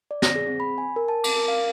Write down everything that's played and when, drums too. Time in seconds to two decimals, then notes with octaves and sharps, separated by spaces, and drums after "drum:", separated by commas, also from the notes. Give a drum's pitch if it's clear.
0.11 D5
0.22 A#6, drum: snare
0.35 G#4
0.47 C4
0.60 B5
0.78 G#5
0.96 A#4
1.08 A5
1.24 D6, drum: cymbal
1.35 A#4
1.48 F5